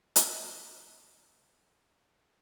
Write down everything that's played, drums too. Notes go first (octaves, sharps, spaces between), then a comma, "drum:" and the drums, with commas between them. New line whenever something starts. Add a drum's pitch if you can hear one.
E6, drum: hi-hat
F6